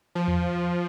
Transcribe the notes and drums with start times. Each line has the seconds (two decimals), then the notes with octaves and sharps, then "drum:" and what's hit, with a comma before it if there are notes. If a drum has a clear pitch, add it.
0.15 F3
0.28 drum: tom E2